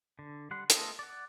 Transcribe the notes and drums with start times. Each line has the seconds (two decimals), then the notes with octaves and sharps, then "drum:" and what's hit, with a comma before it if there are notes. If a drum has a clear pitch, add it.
0.19 D3
0.51 G3 F#5 C6
0.70 A3 B3 F4 A4 D#5, drum: hi-hat
0.99 D5 F#5